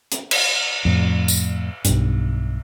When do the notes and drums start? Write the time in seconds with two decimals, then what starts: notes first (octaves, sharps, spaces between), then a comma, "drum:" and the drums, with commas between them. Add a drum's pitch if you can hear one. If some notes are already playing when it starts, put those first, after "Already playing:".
0.12 drum: hi-hat
0.31 drum: cymbal
0.85 F2 A2
1.28 drum: tambourine
1.85 B1 G2, drum: hi-hat